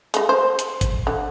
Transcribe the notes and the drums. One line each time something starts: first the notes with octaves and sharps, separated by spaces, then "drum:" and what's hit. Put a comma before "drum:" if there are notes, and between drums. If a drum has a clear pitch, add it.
G#3 A3, drum: hi-hat
C5
drum: hi-hat
drum: kick G#1, hi-hat
D3